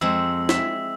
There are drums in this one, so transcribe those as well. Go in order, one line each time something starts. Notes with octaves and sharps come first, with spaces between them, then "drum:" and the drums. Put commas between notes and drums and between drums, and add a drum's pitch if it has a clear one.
F2 G#3 C4 E6
E5, drum: snare